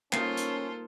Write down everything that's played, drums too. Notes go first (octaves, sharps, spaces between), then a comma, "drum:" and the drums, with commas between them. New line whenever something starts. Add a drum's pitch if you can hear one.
A#3 C#4 D#4 F4 A4 C5 C7, drum: clap
drum: hi-hat